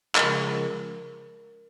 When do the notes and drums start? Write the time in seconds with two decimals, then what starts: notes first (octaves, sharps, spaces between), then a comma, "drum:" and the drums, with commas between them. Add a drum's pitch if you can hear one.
0.15 C#3 F3 G#3 A#4, drum: clap
0.51 A#4